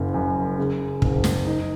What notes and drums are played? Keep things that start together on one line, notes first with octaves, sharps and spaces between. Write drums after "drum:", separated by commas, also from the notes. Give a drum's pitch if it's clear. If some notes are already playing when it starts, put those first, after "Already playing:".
Already playing: F#1 F#2
F#2
C#3
F#1, drum: kick
drum: snare
D#4